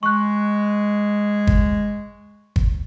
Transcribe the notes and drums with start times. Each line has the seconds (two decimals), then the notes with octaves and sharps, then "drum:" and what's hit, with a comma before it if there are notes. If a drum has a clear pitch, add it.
0.03 G#3 C#6 F#6
1.47 drum: kick
2.56 drum: kick